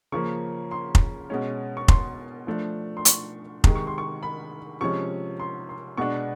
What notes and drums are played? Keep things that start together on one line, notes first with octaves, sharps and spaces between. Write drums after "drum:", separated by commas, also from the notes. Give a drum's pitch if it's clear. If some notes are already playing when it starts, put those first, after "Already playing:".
C#3 F3 A#3 C#4 C#6
C6
drum: kick F1
B2 G#3 C#4
C#6
C6, drum: kick F1
F3 A3 D4
C6
C#6, drum: hi-hat
C3 D#3 G#3, drum: kick F1
C#6
C6
C#6
B5
C3 F3 G#3 C#4 C#6
C6
C6
B2 G#3 B3 D4 C#6